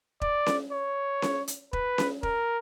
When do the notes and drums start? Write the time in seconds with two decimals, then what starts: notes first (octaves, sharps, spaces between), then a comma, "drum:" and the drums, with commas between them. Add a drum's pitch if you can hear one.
0.22 D5, drum: kick E1
0.46 drum: snare C#4
0.72 C#5
1.22 drum: snare C#4
1.48 drum: hi-hat
1.73 B4, drum: kick E1
1.98 drum: snare C#4
2.23 A#4, drum: kick E1